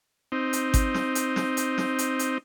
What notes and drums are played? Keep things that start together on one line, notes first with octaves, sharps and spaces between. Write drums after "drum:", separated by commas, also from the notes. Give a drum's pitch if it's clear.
C4 D#4
drum: hi-hat
drum: kick G#1, hi-hat
drum: snare
drum: hi-hat
drum: snare
drum: hi-hat
drum: snare
drum: hi-hat
drum: hi-hat